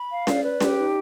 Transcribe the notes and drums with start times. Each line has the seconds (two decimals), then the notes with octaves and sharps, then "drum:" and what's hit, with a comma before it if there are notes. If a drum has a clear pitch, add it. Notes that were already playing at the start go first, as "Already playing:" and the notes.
Already playing: B5
0.10 F5
0.27 D5, drum: snare C#4
0.44 B4
0.60 G4, drum: snare C#4
0.77 D#4